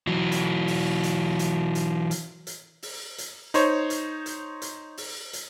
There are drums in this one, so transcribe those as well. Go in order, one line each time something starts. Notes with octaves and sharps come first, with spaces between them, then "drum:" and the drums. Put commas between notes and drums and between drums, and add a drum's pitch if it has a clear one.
E3 F#3
drum: hi-hat
drum: open hi-hat
drum: hi-hat
drum: hi-hat
drum: hi-hat
drum: hi-hat
drum: hi-hat
drum: open hi-hat
drum: hi-hat
D#4 C5 C#5, drum: hi-hat
drum: hi-hat
drum: hi-hat
drum: hi-hat
drum: open hi-hat
drum: hi-hat